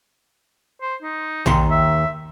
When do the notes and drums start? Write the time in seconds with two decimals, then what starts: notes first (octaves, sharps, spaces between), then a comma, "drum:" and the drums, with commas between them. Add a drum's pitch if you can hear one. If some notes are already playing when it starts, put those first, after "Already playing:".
0.82 C5
1.03 D#4
1.46 D#2 D#3 C6, drum: tom
1.71 E5